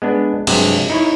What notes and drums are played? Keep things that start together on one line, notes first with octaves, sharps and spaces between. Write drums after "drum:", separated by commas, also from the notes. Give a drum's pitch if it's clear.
G#3 B3 D4
G2 C3 F#3 G#3, drum: cymbal
D#4 E4 C#5